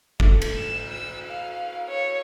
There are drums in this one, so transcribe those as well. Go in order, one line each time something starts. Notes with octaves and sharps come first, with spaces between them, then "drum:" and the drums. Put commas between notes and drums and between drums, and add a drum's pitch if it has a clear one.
A3, drum: kick
drum: cymbal
E7
E6
F5
C#5